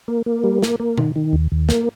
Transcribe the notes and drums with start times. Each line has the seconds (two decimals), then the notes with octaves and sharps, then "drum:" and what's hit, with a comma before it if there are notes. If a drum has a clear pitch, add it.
0.08 A#3
0.26 A#3
0.44 G3
0.62 A#3, drum: snare
0.80 A#3
0.98 D#3, drum: tom B2
1.16 D#3
1.33 D#2
1.52 D#2
1.69 A#3, drum: snare